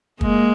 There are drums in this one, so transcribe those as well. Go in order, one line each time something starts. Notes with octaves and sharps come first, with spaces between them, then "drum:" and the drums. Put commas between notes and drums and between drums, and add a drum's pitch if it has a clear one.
G#3 A#3, drum: kick